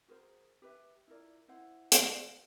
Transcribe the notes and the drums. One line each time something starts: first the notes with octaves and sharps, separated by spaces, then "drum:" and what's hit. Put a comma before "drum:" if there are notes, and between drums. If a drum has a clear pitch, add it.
F#4 G#4 A#4 C5
G4 B4 E5
E4 F4 A#4 D5
E4 C5 F#5
drum: hi-hat